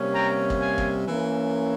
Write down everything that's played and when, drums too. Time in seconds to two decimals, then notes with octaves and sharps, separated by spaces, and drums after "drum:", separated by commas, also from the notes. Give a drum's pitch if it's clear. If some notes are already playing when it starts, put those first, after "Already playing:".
Already playing: C3 G3 A#3 C#4
0.14 G5 A#5
0.50 drum: kick
0.61 F5 G#5
0.78 drum: kick
1.07 E3 A#3 C#4